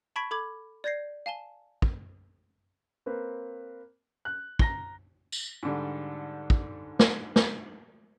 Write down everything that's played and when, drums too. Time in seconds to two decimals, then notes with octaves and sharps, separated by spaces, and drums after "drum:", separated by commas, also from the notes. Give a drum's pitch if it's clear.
0.16 A5 B5 C#6 G#6 B6 D7
0.31 A4 B5 D6 G#6
0.84 D5 G6 G#6 A#6 C7
1.26 F5 G#5 A5 G7
1.82 drum: kick
3.06 A#3 C4 B4
4.25 F#6
4.59 A#5 A#6 G7, drum: kick
5.32 drum: tambourine
5.63 G#2 D3 G3
6.50 drum: kick
6.99 drum: snare
7.36 drum: snare